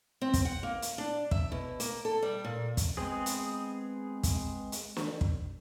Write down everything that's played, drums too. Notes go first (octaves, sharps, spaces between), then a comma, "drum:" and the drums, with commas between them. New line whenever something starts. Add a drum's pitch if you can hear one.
C4
drum: kick, hi-hat
F#5
A#3
drum: hi-hat
D4
E5, drum: kick
B2
A#3, drum: hi-hat
A4
G3
A#2
drum: kick, hi-hat
G#3 B3 C4 G#4
drum: hi-hat
drum: kick, hi-hat
drum: hi-hat
drum: snare
drum: kick